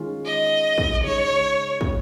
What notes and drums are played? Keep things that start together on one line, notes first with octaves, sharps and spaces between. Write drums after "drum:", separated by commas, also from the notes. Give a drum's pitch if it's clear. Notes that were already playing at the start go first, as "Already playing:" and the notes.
Already playing: D#3 G#3 C#4 F4
D#5
drum: kick
C#3 G#3 D#4 C#5
drum: kick